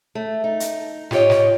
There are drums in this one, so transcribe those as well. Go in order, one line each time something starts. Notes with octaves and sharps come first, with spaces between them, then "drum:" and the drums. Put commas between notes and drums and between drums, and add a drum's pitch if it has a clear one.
A3
D#4
drum: hi-hat
F4 G4 C#5 D#5, drum: snare
drum: snare